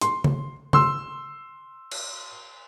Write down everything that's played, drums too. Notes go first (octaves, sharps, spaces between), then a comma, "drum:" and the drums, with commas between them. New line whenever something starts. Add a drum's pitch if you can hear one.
C6, drum: hi-hat
drum: tom C#3
C6 E6, drum: tom C#3
drum: cymbal